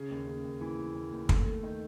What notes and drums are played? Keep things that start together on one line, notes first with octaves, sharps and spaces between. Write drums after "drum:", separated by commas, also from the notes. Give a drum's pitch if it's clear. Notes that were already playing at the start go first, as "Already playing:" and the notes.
Already playing: C#3
D#2
C#3
D#2
E3
D#2
D#2
D#2
A3, drum: kick
A3
D#3